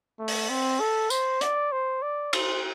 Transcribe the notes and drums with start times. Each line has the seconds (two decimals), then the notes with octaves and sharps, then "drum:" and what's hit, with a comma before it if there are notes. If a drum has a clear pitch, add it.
0.19 A3
0.28 drum: open hi-hat
0.49 C4
0.80 A4
1.10 C5, drum: tambourine
1.41 D5, drum: hi-hat
1.72 C5
2.02 D5
2.33 C5, drum: cymbal